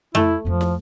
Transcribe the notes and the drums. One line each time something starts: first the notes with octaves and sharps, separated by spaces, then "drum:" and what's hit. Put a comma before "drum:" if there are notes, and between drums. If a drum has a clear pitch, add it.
A3 E4, drum: tom F2
F2 F3 C4
drum: snare